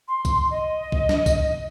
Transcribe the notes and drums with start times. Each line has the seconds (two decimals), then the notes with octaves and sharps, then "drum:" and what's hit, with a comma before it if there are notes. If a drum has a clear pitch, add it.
0.08 C6
0.25 drum: kick, tambourine
0.50 D#5
0.92 drum: kick
1.09 drum: snare
1.26 drum: kick, tambourine